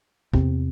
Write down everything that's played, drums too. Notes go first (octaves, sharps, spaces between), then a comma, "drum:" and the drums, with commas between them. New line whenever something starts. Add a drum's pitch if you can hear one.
E2 C3 C4, drum: kick